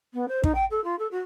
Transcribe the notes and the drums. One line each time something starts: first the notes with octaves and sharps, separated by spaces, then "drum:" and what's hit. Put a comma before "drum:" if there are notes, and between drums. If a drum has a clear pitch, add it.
B3
C5
D#4, drum: kick
G5
A4
F4
A4
F#4